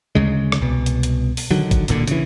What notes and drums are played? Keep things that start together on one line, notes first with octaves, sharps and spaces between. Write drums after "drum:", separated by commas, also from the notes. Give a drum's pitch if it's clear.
D2 C#3 G#3
drum: rim click
C2 B2
drum: hi-hat
drum: hi-hat
drum: open hi-hat
D3 D#3 F#3
drum: kick G#1, hi-hat
D1 A1 A#2 D3, drum: hi-hat
C#3 E3, drum: hi-hat